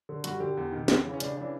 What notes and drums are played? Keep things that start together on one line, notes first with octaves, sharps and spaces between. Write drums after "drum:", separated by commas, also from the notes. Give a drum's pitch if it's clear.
D3
G2 F#4, drum: hi-hat
D3 G4
E2
C3 D#3
E2, drum: snare
C#3 E3
C#4
C#2 D4, drum: hi-hat
C#3 E3 D4